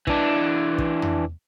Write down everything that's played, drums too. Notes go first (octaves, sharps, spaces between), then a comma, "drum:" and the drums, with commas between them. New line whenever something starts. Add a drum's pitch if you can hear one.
E3 D4, drum: kick
drum: kick
drum: tom